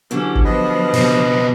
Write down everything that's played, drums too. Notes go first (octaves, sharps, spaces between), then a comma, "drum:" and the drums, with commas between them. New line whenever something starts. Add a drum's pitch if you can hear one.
D3 E3 F#3 C#4 G4
drum: kick G1
F3 B3 B4 D#5
B2 C4, drum: open hi-hat